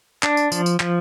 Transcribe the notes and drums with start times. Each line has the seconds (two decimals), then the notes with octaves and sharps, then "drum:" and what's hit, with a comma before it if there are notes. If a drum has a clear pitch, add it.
0.23 D4, drum: clap
0.37 drum: tambourine
0.52 F3, drum: tambourine
0.66 drum: tambourine
0.80 F3, drum: clap